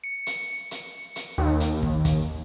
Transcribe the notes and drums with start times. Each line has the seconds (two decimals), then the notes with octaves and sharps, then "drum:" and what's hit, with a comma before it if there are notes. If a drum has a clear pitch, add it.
0.04 C#7
0.27 drum: hi-hat
0.71 drum: hi-hat
1.16 drum: hi-hat
1.38 D#2
1.60 drum: hi-hat
1.83 drum: kick
2.05 drum: kick, hi-hat